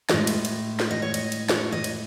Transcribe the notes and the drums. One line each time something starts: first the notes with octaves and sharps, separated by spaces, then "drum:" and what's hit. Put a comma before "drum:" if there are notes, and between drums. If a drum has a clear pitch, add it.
A2 G#3 D#5, drum: snare
drum: cymbal
drum: cymbal
drum: snare
D#5
C#5
D#5, drum: cymbal
drum: cymbal
C#5, drum: snare
D#5
drum: cymbal